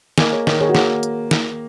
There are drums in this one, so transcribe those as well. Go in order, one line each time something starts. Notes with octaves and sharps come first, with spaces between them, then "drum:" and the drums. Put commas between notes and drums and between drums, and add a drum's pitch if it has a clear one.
A#3 D#5 G#5, drum: snare
G#4 C#5
D#3, drum: snare
G#4 C#5
F#4
A#3 G#4, drum: snare
drum: hi-hat
drum: snare